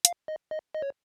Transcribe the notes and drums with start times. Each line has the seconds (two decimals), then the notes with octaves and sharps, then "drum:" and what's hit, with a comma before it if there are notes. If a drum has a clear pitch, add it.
0.05 F5, drum: hi-hat
0.28 D#5
0.51 D#5
0.75 D#5
0.82 C#5